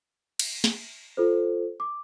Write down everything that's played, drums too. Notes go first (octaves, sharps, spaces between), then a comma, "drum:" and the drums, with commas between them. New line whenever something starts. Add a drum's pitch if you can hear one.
drum: cymbal
drum: snare
F4 A4 C5
D6